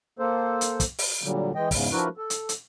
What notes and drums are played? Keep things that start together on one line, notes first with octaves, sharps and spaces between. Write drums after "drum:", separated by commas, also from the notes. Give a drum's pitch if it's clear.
A#3 A4 C5
drum: hi-hat
drum: kick, hi-hat
drum: open hi-hat
A#2 D3 F#3 G3
E3 G#3 D#5 G5
E2 G#2 C#3, drum: kick, open hi-hat
F3 D4 E4 F#4 A#4 B4
A4
drum: hi-hat
drum: hi-hat